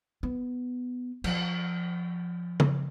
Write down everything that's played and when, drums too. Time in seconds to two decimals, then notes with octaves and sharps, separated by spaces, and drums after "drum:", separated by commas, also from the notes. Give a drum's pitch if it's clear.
0.23 B3
1.24 F3, drum: cymbal
2.60 drum: tom